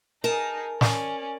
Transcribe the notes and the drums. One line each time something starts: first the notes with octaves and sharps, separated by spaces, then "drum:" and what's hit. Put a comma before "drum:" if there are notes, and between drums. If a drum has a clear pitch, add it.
D#4 G#4 A#4 A5
C#4 D5, drum: snare